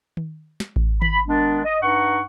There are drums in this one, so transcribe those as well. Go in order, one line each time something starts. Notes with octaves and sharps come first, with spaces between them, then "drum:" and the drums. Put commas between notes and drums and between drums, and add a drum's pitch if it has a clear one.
drum: tom D#3
drum: snare
drum: kick A1
B5, drum: tom D#3
D#3 G#3 B3 D4
D#5
G2 D#4 F#5 C#6